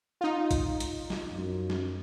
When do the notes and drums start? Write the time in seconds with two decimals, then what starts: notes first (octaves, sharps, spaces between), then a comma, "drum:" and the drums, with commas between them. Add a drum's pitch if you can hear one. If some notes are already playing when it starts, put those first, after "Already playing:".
0.21 D#4 F4
0.51 drum: kick, hi-hat
0.80 drum: hi-hat
1.10 drum: snare
1.31 F#2
1.70 drum: snare